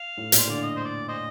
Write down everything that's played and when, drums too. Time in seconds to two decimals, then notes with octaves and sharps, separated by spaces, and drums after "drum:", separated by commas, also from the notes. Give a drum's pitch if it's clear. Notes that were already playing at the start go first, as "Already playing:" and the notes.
Already playing: F5
0.17 A2
0.32 A#2, drum: hi-hat
0.37 C5
0.47 D3 D5
0.63 D#5
0.76 C5
0.85 D5
1.08 C5 D#5